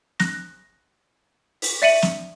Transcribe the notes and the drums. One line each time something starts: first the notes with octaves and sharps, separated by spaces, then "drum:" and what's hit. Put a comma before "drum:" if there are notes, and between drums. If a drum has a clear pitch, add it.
F#6 A#6, drum: snare
drum: open hi-hat
D5 E5 C#7 D#7 F#7
drum: snare